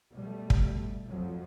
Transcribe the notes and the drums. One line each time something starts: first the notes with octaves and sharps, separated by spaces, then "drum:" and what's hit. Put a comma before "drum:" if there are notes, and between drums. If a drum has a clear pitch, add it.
B2 G3 A3
drum: kick
F2 F3 F#3